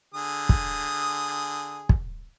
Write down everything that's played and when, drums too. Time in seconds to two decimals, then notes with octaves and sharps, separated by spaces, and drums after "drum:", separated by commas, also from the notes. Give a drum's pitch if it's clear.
0.14 D3 G#4 D#6
0.49 drum: kick
1.89 drum: kick